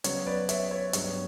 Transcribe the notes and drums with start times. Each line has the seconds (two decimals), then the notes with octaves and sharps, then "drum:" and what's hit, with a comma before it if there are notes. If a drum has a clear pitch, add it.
0.04 C#3 F#3 B3 C#5, drum: hi-hat
0.26 B4 D5
0.49 C#5 E5, drum: hi-hat
0.71 C#5
0.93 G2 F#3 B3 C#5, drum: hi-hat